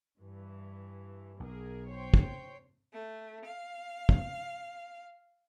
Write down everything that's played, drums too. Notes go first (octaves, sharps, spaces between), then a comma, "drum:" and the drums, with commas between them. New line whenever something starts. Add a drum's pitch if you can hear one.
G2 E3
B1 G#4 A#4
C5 C#5 G5
drum: kick
A3
F5
drum: kick